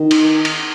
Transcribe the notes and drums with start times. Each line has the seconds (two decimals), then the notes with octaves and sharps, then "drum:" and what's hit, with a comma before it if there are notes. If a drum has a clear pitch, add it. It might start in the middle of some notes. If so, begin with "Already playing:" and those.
Already playing: D#3
0.11 drum: cymbal
0.45 drum: cymbal